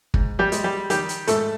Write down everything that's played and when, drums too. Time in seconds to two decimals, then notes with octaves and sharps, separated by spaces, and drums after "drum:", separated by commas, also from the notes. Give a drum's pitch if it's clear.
0.14 G#2, drum: kick
0.39 G3 G4
0.52 G#3, drum: hi-hat
0.64 G3 G4
0.90 D#3 G3 G4, drum: hi-hat
1.09 drum: hi-hat
1.27 G#2 A3 A4, drum: hi-hat